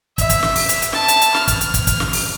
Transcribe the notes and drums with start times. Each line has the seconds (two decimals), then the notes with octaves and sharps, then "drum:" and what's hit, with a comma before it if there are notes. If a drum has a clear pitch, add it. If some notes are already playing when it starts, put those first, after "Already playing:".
0.18 E5, drum: kick, hi-hat
0.30 drum: kick, hi-hat
0.43 drum: snare
0.56 drum: open hi-hat
0.69 drum: hi-hat
0.82 drum: hi-hat
0.93 A5, drum: snare
1.08 drum: hi-hat
1.21 drum: hi-hat
1.34 F6, drum: snare
1.48 drum: kick, hi-hat
1.61 drum: hi-hat
1.74 drum: kick, hi-hat
1.87 drum: kick, hi-hat
2.00 drum: snare
2.13 drum: open hi-hat